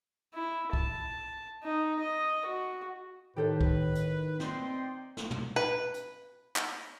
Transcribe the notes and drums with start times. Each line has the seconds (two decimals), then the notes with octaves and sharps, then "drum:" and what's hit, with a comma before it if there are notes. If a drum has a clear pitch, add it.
0.34 E4
0.73 A5, drum: kick
1.63 D#4
2.00 D#5
2.46 F#4
3.37 A2 D#3 G4 A4 B4 C5
3.61 drum: kick
3.95 drum: hi-hat
4.40 C4 D#4 D5 G5 C6, drum: snare
5.17 drum: snare
5.31 drum: tom
5.56 B4
5.94 drum: hi-hat
6.56 drum: clap